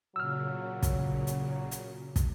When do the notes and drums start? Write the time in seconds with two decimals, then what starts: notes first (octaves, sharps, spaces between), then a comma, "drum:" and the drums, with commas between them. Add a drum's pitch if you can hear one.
0.16 A#2 C#3 F#3 E6 F6
0.83 drum: kick, hi-hat
1.27 drum: hi-hat
1.71 drum: hi-hat
2.16 drum: kick, hi-hat